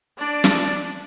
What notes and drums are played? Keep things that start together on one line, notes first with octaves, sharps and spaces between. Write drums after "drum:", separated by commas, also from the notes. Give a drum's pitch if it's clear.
D4 D5
drum: snare